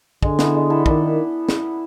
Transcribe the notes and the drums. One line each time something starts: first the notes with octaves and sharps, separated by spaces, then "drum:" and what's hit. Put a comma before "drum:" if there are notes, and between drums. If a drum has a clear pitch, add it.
D3 G#3, drum: kick
B3 E4 A4, drum: snare
G#3
B3 E4 A4
D#3 D4, drum: kick
drum: snare